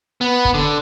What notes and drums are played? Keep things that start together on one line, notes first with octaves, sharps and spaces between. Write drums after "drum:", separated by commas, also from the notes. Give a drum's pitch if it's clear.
B3
drum: kick
D3